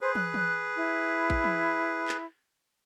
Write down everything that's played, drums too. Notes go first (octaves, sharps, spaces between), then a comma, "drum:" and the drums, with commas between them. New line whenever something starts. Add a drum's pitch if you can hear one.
G#4 B4 C5
F#6, drum: tom
drum: tom E3
E4
drum: kick A1
drum: tom E3
drum: clap